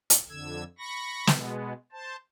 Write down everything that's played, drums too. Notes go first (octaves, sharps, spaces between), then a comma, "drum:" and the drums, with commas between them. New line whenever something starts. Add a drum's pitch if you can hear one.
drum: hi-hat
F2 D3 E6 G#6
B5 C#6 A#6
B2 G#3 B3, drum: snare
C5 A5